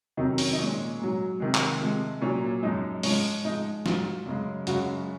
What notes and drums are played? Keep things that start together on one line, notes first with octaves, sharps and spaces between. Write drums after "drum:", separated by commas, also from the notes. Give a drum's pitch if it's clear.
F2 C3 D#3 F#3 D#4
C#4, drum: open hi-hat
D#4
A#2 G#3 C#4
G#2 F#3
C3 D#3 G#3
drum: clap
C3 F3 G#3
A#2 F#3 C#4
F#2 F3 G#3 D#4
G#2 F3 G#3 C#4, drum: open hi-hat
G#2 F3 G#3 D#4
G#2 F#3 F4, drum: snare
F#2 C#3 G#3
F#2 C#3 G#3 F#4, drum: hi-hat